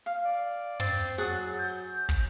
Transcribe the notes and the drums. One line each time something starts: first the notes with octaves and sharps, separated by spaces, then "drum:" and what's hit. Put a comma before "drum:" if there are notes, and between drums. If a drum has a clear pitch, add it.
F5
D5
C4 A6, drum: tom
drum: hi-hat
F#3 G#4 F#5 A6
G6
drum: kick, hi-hat